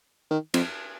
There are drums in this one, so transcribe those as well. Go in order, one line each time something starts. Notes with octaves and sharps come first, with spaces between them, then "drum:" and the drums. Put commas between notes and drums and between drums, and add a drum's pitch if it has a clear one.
D#3
F2, drum: cymbal